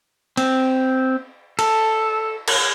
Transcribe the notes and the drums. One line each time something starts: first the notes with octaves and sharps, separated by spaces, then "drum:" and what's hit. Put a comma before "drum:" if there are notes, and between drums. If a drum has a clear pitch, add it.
C4, drum: cymbal
A4, drum: cymbal
drum: cymbal